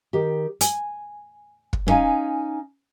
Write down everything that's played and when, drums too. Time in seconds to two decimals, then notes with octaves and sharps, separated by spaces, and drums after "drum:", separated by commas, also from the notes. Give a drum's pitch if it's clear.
0.13 D#3 G4
0.61 G#5, drum: hi-hat
1.73 drum: kick
1.87 B3 C#4 D#4 F5 G#5